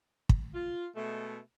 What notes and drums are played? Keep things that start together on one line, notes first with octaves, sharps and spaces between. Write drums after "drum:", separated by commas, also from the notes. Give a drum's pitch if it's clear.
drum: kick
F4
B2 G#3 A3